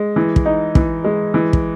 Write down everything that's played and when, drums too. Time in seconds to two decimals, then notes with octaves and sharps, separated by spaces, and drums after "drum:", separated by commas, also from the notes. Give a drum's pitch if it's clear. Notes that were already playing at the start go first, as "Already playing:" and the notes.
Already playing: G#3
0.16 E3
0.36 drum: kick
0.46 D#4
0.75 E3, drum: kick
1.04 G#3
1.34 E3
1.53 drum: kick